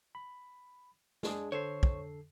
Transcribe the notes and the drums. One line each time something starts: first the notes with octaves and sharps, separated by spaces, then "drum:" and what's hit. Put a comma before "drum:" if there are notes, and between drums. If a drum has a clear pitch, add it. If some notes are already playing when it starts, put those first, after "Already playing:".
B5
G#3 D4 G#4, drum: snare
D3 A4 C5 C#5 C7
drum: kick